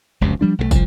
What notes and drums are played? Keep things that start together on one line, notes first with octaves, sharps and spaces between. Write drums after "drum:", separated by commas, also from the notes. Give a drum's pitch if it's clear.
F1 C#2 F#2 C3
F3 G3 D4
B1 F#3 A3
C2 F3, drum: kick, tambourine